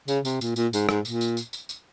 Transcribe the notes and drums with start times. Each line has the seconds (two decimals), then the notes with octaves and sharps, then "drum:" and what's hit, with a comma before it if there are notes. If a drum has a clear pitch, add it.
0.08 C#3, drum: tambourine
0.25 C3, drum: tambourine
0.41 A#2, drum: tambourine
0.56 A#2, drum: tambourine
0.73 G#2, drum: tambourine
0.89 G#2, drum: rim click
1.05 A#2, drum: tambourine
1.21 drum: tambourine
1.37 drum: tambourine
1.53 drum: tambourine
1.69 drum: tambourine